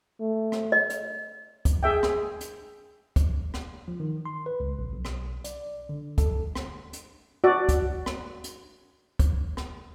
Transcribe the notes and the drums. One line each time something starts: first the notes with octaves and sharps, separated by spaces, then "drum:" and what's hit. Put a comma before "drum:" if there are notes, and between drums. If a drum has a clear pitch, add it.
A3
drum: rim click
D#5
drum: hi-hat
drum: kick, hi-hat
G#4 E5 G5
drum: rim click
drum: hi-hat
drum: kick, hi-hat
drum: rim click
F3
D#3
C6
B4
C#2
A#1
B1
drum: rim click
D5, drum: hi-hat
D3
A4, drum: kick, hi-hat
drum: rim click
drum: hi-hat
F#4 D5
drum: kick, hi-hat
drum: rim click
drum: hi-hat
drum: kick, hi-hat
drum: rim click